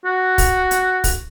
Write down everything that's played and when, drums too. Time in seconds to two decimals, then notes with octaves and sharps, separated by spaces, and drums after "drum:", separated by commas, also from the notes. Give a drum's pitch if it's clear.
0.05 F#4
0.38 drum: kick, open hi-hat
0.71 drum: hi-hat
1.04 drum: kick, open hi-hat